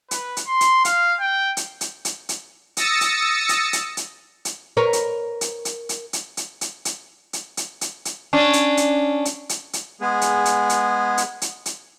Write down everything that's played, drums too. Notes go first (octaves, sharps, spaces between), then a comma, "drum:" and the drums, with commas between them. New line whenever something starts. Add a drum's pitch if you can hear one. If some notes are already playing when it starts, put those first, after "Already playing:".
B4, drum: hi-hat
drum: hi-hat
C6
drum: hi-hat
F5, drum: hi-hat
G5
drum: hi-hat
drum: hi-hat
drum: hi-hat
drum: hi-hat
D#6 E6 A6 A#6 C#7, drum: hi-hat
drum: hi-hat
drum: hi-hat
drum: hi-hat
drum: hi-hat
drum: hi-hat
A#4 B4 C#5
drum: hi-hat
drum: hi-hat
drum: hi-hat
drum: hi-hat
drum: hi-hat
drum: hi-hat
drum: hi-hat
drum: hi-hat
drum: hi-hat
drum: hi-hat
drum: hi-hat
drum: hi-hat
C#4 D4
drum: hi-hat
drum: hi-hat
drum: hi-hat
drum: hi-hat
drum: hi-hat
G#3 B3 G#4
drum: hi-hat
drum: hi-hat
drum: hi-hat
drum: hi-hat
drum: hi-hat
drum: hi-hat